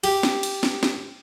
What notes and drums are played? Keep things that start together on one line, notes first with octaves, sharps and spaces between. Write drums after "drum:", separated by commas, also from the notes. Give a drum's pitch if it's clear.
G4, drum: cymbal
drum: snare
drum: cymbal
drum: snare
drum: snare